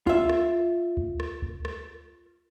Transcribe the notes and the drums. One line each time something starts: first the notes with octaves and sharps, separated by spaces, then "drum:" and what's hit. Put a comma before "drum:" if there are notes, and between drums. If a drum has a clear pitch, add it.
F4 E5, drum: kick D2
drum: rim click
drum: kick D2
drum: rim click
drum: kick D2
drum: rim click